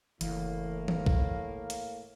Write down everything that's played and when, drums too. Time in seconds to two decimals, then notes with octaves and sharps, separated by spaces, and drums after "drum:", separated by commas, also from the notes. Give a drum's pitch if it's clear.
0.21 F#1 A2 E3 A#3, drum: hi-hat
0.88 drum: tom E3
1.06 drum: kick
1.70 drum: hi-hat